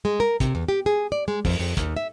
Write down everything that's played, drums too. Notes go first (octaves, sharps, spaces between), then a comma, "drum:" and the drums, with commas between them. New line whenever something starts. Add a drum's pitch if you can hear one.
G#3
A#4
C3, drum: kick, hi-hat
E2
G4
G#4
D5
G#3
F2, drum: kick, open hi-hat
F2
D#2, drum: kick, hi-hat
E5